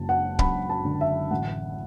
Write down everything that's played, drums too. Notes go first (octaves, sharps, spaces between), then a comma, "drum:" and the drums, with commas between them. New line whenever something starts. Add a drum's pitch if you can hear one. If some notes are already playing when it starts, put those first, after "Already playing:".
Already playing: F#1 F#3 A5
F#5
F#2 B5, drum: kick
A5
D3
E5
A1 F#5